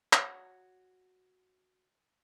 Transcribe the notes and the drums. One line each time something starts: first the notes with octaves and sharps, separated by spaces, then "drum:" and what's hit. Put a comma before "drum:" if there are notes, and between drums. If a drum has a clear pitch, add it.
F#4 C#5, drum: clap